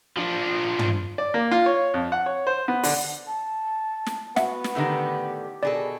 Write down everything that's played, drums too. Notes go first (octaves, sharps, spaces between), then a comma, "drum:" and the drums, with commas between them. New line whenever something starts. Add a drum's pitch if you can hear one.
F3 D4
drum: tom
D5
A#3
F4
C#5
F2
F#5
C#5
C5
B3
D3, drum: open hi-hat
A5
drum: snare
B3 F#4 E5 F#5, drum: snare
drum: snare
A2 D3 D#3 G4
B2 D#3 G#4 A4 D5